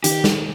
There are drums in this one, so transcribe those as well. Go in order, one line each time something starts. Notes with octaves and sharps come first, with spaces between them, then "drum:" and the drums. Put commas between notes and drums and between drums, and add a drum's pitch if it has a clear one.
D#3 G4, drum: hi-hat
drum: snare